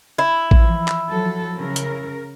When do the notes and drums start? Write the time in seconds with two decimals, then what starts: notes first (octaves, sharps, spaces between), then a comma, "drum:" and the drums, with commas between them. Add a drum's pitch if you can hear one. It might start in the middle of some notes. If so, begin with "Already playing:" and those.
0.18 E4
0.51 E3 F3, drum: kick A1
0.88 drum: clap
1.11 F3 F#3 A4
1.58 C#3 A#4
1.76 drum: hi-hat